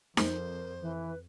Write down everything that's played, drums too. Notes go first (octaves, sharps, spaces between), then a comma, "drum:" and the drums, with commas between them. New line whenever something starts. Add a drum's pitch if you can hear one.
F2 A#4 C5, drum: snare D#4
E3 B4